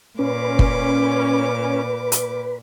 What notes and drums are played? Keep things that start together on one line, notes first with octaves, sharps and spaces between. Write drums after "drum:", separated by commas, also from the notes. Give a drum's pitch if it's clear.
A#2 C#4 B4 D6
drum: kick
drum: hi-hat